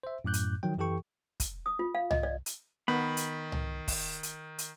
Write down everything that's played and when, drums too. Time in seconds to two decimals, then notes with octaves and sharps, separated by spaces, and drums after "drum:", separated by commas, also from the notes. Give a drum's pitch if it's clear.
0.03 C5 E5
0.24 F#2 A2 D6 F#6 G6
0.34 drum: hi-hat
0.63 D#3 F3 F#3 G5
0.78 F#2 E3 G4 A4 G5 C#6
1.40 drum: kick, hi-hat
1.66 D#6
1.79 F4
1.95 F5
2.11 D#5, drum: tom C2
2.23 D5
2.46 drum: hi-hat
2.88 D#3 B3 B5
3.17 drum: hi-hat
3.52 drum: tom C2
3.88 drum: kick, open hi-hat
4.23 drum: hi-hat
4.58 drum: hi-hat